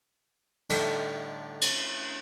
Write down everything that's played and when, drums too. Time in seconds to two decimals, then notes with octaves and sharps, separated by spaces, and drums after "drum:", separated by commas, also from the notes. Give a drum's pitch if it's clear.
0.70 A2 D3 G3 D#4 F#4 G5, drum: cymbal
1.61 drum: cymbal